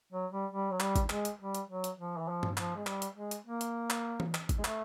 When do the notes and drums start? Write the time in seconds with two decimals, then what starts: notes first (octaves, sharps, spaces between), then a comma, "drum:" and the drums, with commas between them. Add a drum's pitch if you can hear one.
0.13 F#3
0.32 G3
0.52 G3
0.71 F#3
0.80 G3, drum: clap
0.96 drum: kick G#1, hi-hat
1.10 G#3, drum: clap
1.25 drum: hi-hat
1.40 G3
1.55 drum: hi-hat
1.70 F#3
1.84 drum: hi-hat
1.99 F3
2.18 E3
2.28 F3
2.43 drum: tom G2
2.57 F3, drum: clap
2.76 G#3
2.87 G3, drum: clap
3.02 drum: hi-hat
3.16 G#3
3.31 drum: hi-hat
3.47 A#3
3.61 drum: hi-hat
3.90 drum: clap
4.20 drum: tom E3
4.35 drum: clap
4.49 drum: kick G#1, hi-hat
4.58 G#3
4.65 A3, drum: clap